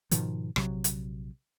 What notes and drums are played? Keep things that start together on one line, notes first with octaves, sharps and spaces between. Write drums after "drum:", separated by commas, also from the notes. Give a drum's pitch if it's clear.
G#2 B2 D#3 F3, drum: hi-hat
A#1 C3 F#3, drum: rim click
drum: hi-hat